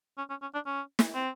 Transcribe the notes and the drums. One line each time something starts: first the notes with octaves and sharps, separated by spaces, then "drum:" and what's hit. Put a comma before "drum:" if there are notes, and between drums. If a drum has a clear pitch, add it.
C#4
C#4
C#4
D4
C#4
drum: snare
C4